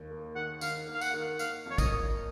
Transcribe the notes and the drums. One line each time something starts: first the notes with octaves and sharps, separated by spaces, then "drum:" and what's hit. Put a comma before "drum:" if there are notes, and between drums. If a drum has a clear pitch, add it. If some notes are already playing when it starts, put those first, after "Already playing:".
Already playing: D#2
A#3
D#3 F#5
D#3 F5, drum: tambourine
A#3
F5
F#5, drum: tambourine
D#3
A#3 F5, drum: tambourine
F2 C#5
D#5, drum: kick, tambourine
A#3